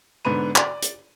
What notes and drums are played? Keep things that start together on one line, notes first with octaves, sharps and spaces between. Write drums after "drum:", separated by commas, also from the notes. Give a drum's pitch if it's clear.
G#2 D3 B3 B5 D#7
D5, drum: clap
drum: hi-hat